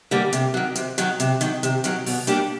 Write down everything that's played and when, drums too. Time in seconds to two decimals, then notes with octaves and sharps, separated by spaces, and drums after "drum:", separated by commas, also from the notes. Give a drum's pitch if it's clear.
0.11 D3 G3 A#3
0.33 C3, drum: hi-hat
0.54 D#3 F#3
0.75 C3, drum: hi-hat
0.98 D#3 F#3, drum: hi-hat
1.20 C3, drum: hi-hat
1.41 D#3 F#3, drum: hi-hat
1.63 C3, drum: hi-hat
1.84 D#3 F#3, drum: hi-hat
2.06 B2, drum: open hi-hat
2.27 G3 A#3 D4 G4, drum: hi-hat